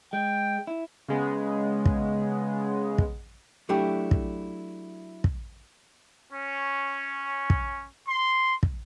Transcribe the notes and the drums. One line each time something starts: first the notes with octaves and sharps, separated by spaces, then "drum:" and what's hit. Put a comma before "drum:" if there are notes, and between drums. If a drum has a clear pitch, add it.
G#3 G5
E4
C#3 G#3 B3
drum: kick
drum: kick
F#3 A3 D4 E4 G4
drum: kick
drum: kick
C#4
drum: kick
C6
drum: kick